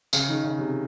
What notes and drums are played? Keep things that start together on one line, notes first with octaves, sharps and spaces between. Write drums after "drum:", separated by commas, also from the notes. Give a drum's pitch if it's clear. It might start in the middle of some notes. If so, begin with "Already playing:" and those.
C#3, drum: tambourine
D#3
C#3
C3